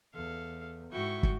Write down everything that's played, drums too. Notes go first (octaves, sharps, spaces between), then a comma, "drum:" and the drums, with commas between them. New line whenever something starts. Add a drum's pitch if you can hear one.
E2 A4 F5
G#2 E4 F#4 G5 C#6
drum: kick